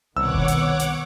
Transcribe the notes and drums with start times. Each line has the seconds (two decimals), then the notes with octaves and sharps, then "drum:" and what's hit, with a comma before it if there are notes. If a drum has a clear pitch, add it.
0.17 C2 B2 D#3 B3 C#5 F#5 D6 E6
0.32 drum: kick F1
0.48 drum: hi-hat
0.80 drum: hi-hat